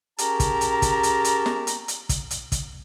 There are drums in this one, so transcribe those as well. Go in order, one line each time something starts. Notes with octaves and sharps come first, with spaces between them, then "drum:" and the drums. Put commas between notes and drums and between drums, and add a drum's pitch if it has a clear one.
C#4 G4 G#4 A#4 A5 A#5, drum: hi-hat
drum: kick, hi-hat
drum: hi-hat
drum: kick, hi-hat
drum: hi-hat
drum: hi-hat
drum: snare
drum: hi-hat
drum: hi-hat
drum: kick, hi-hat
drum: hi-hat
drum: kick, hi-hat